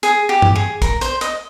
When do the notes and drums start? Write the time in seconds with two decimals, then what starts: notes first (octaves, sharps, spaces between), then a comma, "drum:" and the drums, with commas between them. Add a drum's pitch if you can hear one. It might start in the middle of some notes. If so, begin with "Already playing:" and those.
0.03 G#4, drum: hi-hat
0.29 G4
0.42 drum: tom G2
0.56 G#4
0.82 A#4, drum: kick, hi-hat
1.01 C5, drum: hi-hat
1.21 D#5, drum: hi-hat